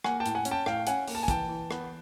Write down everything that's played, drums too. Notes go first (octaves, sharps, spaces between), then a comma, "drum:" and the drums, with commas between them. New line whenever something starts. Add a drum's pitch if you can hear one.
A#3 F#5 G#5, drum: rim click
G5 A5
A2, drum: hi-hat
F#5 G#5
C#4, drum: hi-hat
G5 A5
A2 F5 G5, drum: rim click
C#4 F#5 G#5, drum: hi-hat
A#3, drum: open hi-hat
A5
G#5
E3 G5 A5, drum: kick, hi-hat
E3
B3, drum: rim click